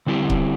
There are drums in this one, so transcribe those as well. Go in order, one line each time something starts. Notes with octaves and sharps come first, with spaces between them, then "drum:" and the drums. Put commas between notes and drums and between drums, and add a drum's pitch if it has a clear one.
D3 G3 C4 E4 G4
drum: kick C#1